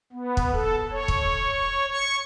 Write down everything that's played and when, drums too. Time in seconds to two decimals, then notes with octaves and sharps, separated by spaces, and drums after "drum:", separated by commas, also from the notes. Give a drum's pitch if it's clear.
0.12 B3
0.37 drum: kick
0.53 A4
0.90 C#5
1.08 drum: kick
1.91 C#6